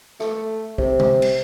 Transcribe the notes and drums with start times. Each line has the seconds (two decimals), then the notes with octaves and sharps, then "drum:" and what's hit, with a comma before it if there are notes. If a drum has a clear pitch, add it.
0.20 A3, drum: rim click
0.78 C3, drum: kick
0.99 drum: tom
1.22 drum: cymbal